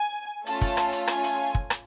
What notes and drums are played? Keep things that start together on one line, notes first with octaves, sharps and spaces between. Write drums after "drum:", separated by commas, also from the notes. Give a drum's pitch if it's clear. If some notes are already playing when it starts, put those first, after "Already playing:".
Already playing: G#5
A3 C#4 F4 A5, drum: hi-hat
drum: kick, hi-hat
drum: rim click
drum: hi-hat
G#5, drum: rim click
drum: hi-hat
drum: kick
drum: rim click